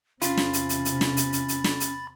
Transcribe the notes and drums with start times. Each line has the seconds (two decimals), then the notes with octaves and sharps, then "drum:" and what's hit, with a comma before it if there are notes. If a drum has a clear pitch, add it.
0.22 E2 C3 C#4 F4 B5 A6, drum: hi-hat
0.37 drum: snare
0.53 drum: hi-hat
0.69 drum: hi-hat
0.85 drum: hi-hat
1.01 drum: snare
1.17 drum: hi-hat
1.33 drum: hi-hat
1.48 drum: hi-hat
1.64 drum: snare
1.80 drum: hi-hat